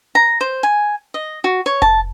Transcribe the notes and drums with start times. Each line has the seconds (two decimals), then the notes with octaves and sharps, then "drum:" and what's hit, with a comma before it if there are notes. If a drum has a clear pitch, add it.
0.15 A#5
0.41 C5
0.63 G#5
1.14 D#5
1.44 F#4
1.66 C#5
1.82 A5, drum: kick F1